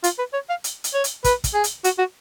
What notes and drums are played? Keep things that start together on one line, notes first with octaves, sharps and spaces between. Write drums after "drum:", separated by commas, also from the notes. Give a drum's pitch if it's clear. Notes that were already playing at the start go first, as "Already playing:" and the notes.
F4, drum: hi-hat
B4
C#5
F5
drum: hi-hat
drum: hi-hat
C#5
drum: hi-hat
B4, drum: kick, hi-hat
drum: kick, hi-hat
G#4
drum: hi-hat
F#4, drum: hi-hat
F#4